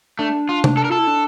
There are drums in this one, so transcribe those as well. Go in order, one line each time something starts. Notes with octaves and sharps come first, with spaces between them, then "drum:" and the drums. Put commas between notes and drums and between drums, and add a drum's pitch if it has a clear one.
A3 D4
F4
drum: tom C3
A4
A#4
F4 A4
E4
D4